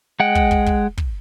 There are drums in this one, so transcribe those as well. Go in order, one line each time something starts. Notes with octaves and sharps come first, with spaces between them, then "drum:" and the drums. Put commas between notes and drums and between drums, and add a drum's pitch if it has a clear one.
G#3 F#5 G5
drum: kick
drum: kick
drum: kick
drum: kick